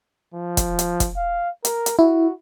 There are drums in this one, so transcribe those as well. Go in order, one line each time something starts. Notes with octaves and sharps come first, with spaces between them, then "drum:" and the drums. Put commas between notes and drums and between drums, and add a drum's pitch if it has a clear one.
F3
drum: kick, hi-hat
drum: hi-hat
drum: kick, hi-hat
F5
A#4, drum: hi-hat
drum: hi-hat
E4 F#4